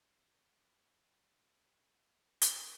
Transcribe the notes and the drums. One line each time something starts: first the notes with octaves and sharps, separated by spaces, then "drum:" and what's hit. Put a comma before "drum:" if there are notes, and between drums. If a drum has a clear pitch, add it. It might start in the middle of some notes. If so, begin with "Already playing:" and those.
B3 C5
drum: hi-hat